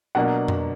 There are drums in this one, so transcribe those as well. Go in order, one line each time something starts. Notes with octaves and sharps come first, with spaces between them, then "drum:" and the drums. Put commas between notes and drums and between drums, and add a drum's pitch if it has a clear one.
B2 F#3 A#3 D4 F#5
drum: tom F2